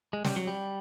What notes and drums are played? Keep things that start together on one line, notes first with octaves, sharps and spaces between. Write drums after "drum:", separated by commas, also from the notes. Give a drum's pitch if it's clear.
G#3
G3, drum: snare
F#3
G3